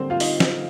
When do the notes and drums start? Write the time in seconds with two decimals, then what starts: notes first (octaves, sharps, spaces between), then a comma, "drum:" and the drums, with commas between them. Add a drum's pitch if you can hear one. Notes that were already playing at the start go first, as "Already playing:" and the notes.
Already playing: D3 G3 A#3 C4 C5
0.10 F4 F5
0.20 D#4 D#5, drum: open hi-hat
0.40 drum: snare